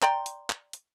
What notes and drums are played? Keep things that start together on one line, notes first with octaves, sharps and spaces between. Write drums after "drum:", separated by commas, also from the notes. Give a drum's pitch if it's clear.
D5 G5 A#5 C6, drum: clap
drum: hi-hat
drum: clap
drum: hi-hat